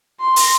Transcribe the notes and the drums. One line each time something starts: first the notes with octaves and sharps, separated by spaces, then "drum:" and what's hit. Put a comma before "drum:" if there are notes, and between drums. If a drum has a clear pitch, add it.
C6
drum: open hi-hat